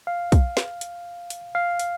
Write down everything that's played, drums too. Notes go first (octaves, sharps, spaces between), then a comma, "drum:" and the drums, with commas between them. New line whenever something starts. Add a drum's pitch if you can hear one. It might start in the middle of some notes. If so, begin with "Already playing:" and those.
F5
drum: kick, hi-hat
drum: snare
drum: hi-hat
drum: hi-hat
F5
drum: hi-hat